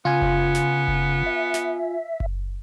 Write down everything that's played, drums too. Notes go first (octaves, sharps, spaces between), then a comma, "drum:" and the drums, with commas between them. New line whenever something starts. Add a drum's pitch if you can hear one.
C#3 B3 F4 G#5
drum: kick F#1
drum: snare
drum: kick F#1
E5
drum: snare
drum: kick F#1